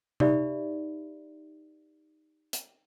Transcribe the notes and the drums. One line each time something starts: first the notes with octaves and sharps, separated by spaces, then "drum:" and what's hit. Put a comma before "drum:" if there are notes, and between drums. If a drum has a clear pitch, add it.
D#4 G4 D5 E5 B5, drum: tom C3
drum: hi-hat